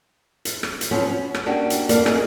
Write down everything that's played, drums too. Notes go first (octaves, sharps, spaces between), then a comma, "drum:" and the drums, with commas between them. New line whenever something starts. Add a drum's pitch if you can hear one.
drum: hi-hat
drum: rim click
drum: hi-hat
F3 F#3 B3 C#4
C#4
drum: rim click
A#3 C#4 D4 F#4 G4
drum: hi-hat
F2 A#3 F#4 D5, drum: hi-hat
A#2 D#4 G#4 A#4, drum: rim click